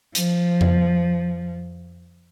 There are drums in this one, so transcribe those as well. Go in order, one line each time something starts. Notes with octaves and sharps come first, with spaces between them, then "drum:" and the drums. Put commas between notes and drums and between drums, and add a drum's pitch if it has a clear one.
F3, drum: hi-hat
drum: tom F2